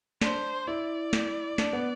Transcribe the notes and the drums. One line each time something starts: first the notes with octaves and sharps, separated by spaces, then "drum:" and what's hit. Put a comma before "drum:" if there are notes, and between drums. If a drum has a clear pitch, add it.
D4 C5, drum: snare
E4 D5
drum: snare
D4, drum: snare
B3